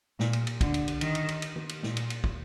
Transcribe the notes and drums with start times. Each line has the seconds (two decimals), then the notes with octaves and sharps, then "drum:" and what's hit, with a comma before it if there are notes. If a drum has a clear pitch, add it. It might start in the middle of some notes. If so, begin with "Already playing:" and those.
0.20 A#2, drum: snare
0.33 drum: cymbal
0.47 drum: cymbal
0.61 D3, drum: kick, cymbal
0.74 drum: cymbal
0.88 drum: cymbal
1.01 D#3, drum: cymbal
1.15 drum: cymbal
1.28 drum: cymbal
1.42 drum: cymbal
1.56 drum: tom
1.69 drum: cymbal
1.83 A#2, drum: snare
1.97 drum: cymbal
2.10 drum: cymbal
2.24 drum: kick